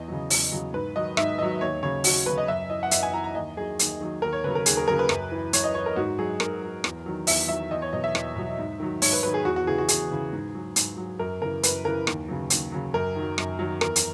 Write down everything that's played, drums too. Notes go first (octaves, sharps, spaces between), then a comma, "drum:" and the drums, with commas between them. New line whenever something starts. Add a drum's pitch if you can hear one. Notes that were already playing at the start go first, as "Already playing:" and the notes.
Already playing: E2 D#5
C#3 F#3
E2, drum: open hi-hat
C#3 F#3
G#2 B4
D#3 F#3 D#5
G#2 E5, drum: rim click
D#3 F#3 D#5
D#2 C#5
C#3 F#3 C#5
D#2 F#4, drum: open hi-hat
C#3 F#3 B4
D#5
F#2 E5
E3 D#5
F#5
F#2 E5, drum: hi-hat
G#5
E3 A#5
A#5
D#2 D#5
D#3 F#3 G#4
D#2, drum: hi-hat
D#3 F#3
D#2 A#4
C#5
C#3 F#3 B4
A#4
D#2 G#4, drum: hi-hat
A#4
C#3 F#3 A#4
B4
F#2, drum: rim click
E3
F#2 C#5, drum: hi-hat
D#5
E3 C#5
A#4
G#2 F#4
F#3 G#4
G#2 A#4, drum: rim click
F#3
E2, drum: rim click
D#3 F#3
E2 E5, drum: open hi-hat
D#3 F#3 E5
E2 D#5
C#5
B2 F#3 D#5
E5
E2, drum: rim click
B2 F#3
G#2
D#3 F#3
G#2 C#5, drum: open hi-hat
B4
D#3 F#3 B4
G#4
E2 F#4
F#4
C#3 E3 G#4
F#4
E2 G#4, drum: hi-hat
C#3 E3
G#2
F#3
G#2, drum: hi-hat
F#3
F#2 A#4
C#3 E3 A#4
F#2 B4, drum: hi-hat
C#3 E3 A#4
D#2, drum: rim click
C#3 F#3
D#2, drum: hi-hat
C#3 F#3
F#2 A#4
D#3 F#3
F#2, drum: rim click
D#3 F#3
E2 A#4, drum: rim click
drum: hi-hat